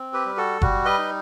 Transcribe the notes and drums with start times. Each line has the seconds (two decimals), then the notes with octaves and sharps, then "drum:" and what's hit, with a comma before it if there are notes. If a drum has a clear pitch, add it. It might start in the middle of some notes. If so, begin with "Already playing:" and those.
Already playing: C4
0.13 G4 B4
0.25 G3
0.37 F#4 A4
0.62 G3 F#4, drum: kick F#1
0.85 B4 D#5
0.98 D#4